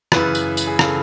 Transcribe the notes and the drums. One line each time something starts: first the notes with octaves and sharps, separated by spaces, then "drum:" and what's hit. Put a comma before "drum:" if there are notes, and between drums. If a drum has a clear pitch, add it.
F#2 C#3 E3 B4, drum: rim click
drum: tambourine
drum: tambourine
G#4
C#3 E3 A4, drum: rim click